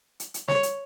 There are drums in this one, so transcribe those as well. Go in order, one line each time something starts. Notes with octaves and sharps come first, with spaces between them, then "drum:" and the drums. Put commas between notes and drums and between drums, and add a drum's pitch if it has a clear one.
drum: hi-hat
drum: hi-hat
C#5, drum: snare
drum: hi-hat